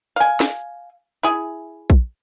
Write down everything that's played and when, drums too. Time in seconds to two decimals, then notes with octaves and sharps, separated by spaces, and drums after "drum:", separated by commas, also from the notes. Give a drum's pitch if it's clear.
0.16 F5 G#5
0.40 drum: snare
1.23 E4 G#4
1.90 drum: kick A#1